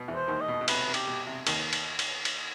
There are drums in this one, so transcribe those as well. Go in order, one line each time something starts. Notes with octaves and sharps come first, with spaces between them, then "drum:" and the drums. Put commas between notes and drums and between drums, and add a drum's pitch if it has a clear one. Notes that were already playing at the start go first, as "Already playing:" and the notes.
Already playing: B2 B3
E2 E3
C5
D#2 D#3
D#5
B2
B2
C3 B4, drum: cymbal
C3
G4, drum: cymbal
B2
C3
D#2 D#3, drum: cymbal
drum: cymbal
drum: cymbal
drum: cymbal